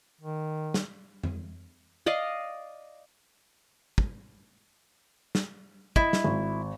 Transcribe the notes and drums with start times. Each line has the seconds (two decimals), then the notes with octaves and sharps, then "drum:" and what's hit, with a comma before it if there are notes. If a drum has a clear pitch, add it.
0.21 D#3
0.74 drum: snare
1.24 drum: tom F2
2.06 D5 D#5 F5
3.98 drum: kick
5.35 drum: snare
5.96 E4 D#5, drum: kick
6.13 drum: snare
6.24 G#1